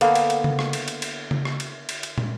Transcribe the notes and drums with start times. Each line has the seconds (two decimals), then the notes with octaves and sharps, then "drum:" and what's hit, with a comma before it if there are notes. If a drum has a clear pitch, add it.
0.01 D3 A#3 B3, drum: cymbal
0.15 drum: cymbal
0.30 drum: cymbal
0.44 drum: tom C#3
0.59 drum: rim click
0.73 drum: cymbal
0.88 drum: cymbal
1.02 drum: cymbal
1.31 drum: tom C#3
1.45 drum: rim click
1.60 drum: cymbal
1.89 drum: cymbal
2.03 drum: cymbal
2.18 drum: tom